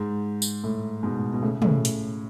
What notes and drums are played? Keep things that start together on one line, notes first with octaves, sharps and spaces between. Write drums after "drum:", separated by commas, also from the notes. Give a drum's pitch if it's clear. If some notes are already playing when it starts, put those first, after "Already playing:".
Already playing: G#2
drum: tambourine
A2
G#2 B2
B2
A2 C#3
A2 C#3, drum: tom
drum: hi-hat